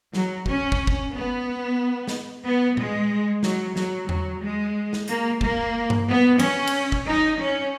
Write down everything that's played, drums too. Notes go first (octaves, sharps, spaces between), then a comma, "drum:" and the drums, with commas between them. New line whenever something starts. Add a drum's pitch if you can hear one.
F#3, drum: snare
C#4, drum: kick
drum: kick
drum: kick
B3
drum: snare
B3
G#3, drum: tom A#2
F#3, drum: snare
F#3, drum: snare
F#3, drum: tom E2
G#3
drum: snare
A#3, drum: hi-hat
A#3, drum: kick
drum: tom G2
B3
C#4, drum: cymbal
drum: cymbal
drum: kick
D#4
C#4